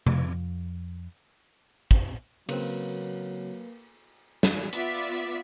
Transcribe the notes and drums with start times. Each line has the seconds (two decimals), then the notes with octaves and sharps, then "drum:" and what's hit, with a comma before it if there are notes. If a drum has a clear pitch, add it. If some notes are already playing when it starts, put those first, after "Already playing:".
0.07 F2, drum: tom C3
1.91 drum: kick
2.49 C#3 F#3 A#3 C4 A#4 B4, drum: cymbal
4.43 drum: snare
4.73 B3 F4 D5 E5 B6, drum: hi-hat